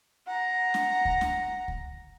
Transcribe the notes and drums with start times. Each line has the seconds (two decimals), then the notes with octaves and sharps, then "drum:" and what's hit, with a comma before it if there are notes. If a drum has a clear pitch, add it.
0.27 F#5 A#5
0.74 drum: snare
1.05 drum: kick C#2
1.21 drum: snare
1.68 drum: kick C#2